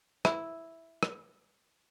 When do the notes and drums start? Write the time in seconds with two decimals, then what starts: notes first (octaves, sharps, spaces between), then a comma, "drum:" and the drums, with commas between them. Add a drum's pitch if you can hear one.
0.25 E4, drum: rim click
1.03 drum: rim click